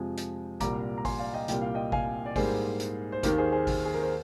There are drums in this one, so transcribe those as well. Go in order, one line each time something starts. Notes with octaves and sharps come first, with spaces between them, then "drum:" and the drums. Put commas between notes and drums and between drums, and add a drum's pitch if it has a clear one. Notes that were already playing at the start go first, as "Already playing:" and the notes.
Already playing: F2 C3 F3 G#3 G#5
drum: hi-hat
C2 A#2 G3 A#3 A#5 D6, drum: kick G#1, hi-hat
A#5
G#5 C6, drum: kick G#1, open hi-hat
D5 F5
D#5 G5
C2 A#2 G3 A#3 G5, drum: hi-hat
F5
D#5 G5
F5 G#5, drum: kick G#1
D5
G#2 G3 A#3 G#4 C5, drum: kick G#1, open hi-hat
drum: hi-hat
C5
D#2 D#3 A#3 G4 A#4, drum: kick G#1, hi-hat
G#4 C5
G#4 C5
drum: kick G#1, open hi-hat
G#4
A#4
C5